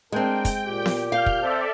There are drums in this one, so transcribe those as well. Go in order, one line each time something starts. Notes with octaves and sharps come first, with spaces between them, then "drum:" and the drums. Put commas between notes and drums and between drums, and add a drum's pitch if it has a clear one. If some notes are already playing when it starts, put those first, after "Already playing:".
G#3 C4 D4 A#4 G5
drum: kick, hi-hat
A#2 G4
drum: snare B3
F5 F6 G6
drum: kick
C4 A4 C5 D5 E5